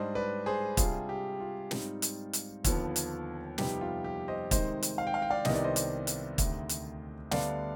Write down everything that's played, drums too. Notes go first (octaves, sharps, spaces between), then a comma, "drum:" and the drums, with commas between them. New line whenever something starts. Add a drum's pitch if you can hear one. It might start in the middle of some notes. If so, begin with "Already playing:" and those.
Already playing: G#2 G3 D4 C5 D#5
B4 D5
G#4 C5
C3 G3 D4 F4 G#4, drum: kick, hi-hat
G4
F4
G#2 G3 C4 D#4, drum: snare
drum: hi-hat
drum: hi-hat
D#2 D3 F3 B3, drum: kick, hi-hat
drum: hi-hat
F2 C3 G3 B3 D#4 G4, drum: snare
F4
G4
C5 D#5
C3 D#3 G#3 C4 D#4 C5 D#5, drum: kick, hi-hat
drum: hi-hat
F5
G5
F5
G5
D5 F5
C2 C3 D#3 B3 D#5, drum: snare
D5
C5 D#5
drum: hi-hat
drum: hi-hat
D2 C3 D#3, drum: kick, hi-hat
drum: hi-hat
D2 D3 G3 B3 D5 F5, drum: snare